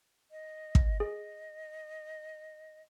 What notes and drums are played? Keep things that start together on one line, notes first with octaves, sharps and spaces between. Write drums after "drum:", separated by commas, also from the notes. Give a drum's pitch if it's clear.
D#5
drum: kick
G#4 D#5